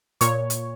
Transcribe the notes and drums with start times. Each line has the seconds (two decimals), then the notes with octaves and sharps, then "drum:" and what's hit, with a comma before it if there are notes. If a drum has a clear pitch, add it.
0.21 A#2 C#5, drum: hi-hat
0.50 drum: hi-hat